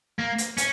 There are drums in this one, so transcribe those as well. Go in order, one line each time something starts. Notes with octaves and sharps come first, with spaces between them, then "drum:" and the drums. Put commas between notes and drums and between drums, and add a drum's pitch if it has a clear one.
A#3
drum: hi-hat
C#4, drum: hi-hat